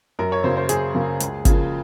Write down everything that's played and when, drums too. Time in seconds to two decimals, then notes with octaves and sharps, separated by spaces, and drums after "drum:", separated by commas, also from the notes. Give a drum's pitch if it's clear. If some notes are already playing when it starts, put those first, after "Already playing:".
0.19 F#2 A#4
0.32 C#5
0.44 C#3 F#3 A#3 C5
0.57 C5
0.69 F#2 G#4, drum: hi-hat
0.95 C#3 F#3 A#3
1.20 C#2, drum: hi-hat
1.45 C#3 F3 A#3, drum: kick, hi-hat